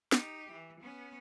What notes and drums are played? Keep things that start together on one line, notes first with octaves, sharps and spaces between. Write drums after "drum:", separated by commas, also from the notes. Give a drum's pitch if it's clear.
D#4 G4, drum: snare
E3
B3 C#4